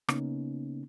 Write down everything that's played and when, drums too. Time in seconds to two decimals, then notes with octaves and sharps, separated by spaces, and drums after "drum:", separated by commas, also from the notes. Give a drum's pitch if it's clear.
0.09 C#3 A#3 B3 C#4 D#4, drum: rim click